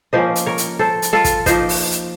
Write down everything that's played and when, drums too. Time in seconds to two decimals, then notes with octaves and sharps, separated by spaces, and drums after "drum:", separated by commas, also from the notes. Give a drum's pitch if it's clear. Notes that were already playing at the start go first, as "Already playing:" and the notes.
0.13 F3 A#3 C#4 C5 D#5
0.36 drum: hi-hat
0.46 A#4 C#5
0.58 drum: hi-hat
0.79 A4 C5
1.02 drum: hi-hat
1.13 F4 A4
1.24 drum: kick, hi-hat
1.46 F3 A#3 D#4 C5 D#5, drum: kick, hi-hat
1.69 drum: open hi-hat
1.91 drum: hi-hat